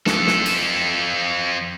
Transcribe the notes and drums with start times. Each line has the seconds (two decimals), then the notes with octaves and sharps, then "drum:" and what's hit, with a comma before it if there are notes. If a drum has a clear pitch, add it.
0.06 F2 A4, drum: snare
0.27 drum: snare
0.46 drum: cymbal